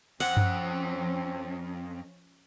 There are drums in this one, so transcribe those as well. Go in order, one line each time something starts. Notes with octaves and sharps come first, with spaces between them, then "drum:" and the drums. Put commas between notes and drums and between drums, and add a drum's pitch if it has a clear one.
F2 F3 C4 C#4 F#5, drum: open hi-hat
drum: tom F#2